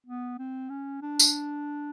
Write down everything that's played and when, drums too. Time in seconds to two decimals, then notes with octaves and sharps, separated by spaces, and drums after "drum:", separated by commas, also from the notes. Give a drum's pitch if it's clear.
0.07 B3
0.39 C4
0.70 C#4
1.02 D4
1.19 drum: tambourine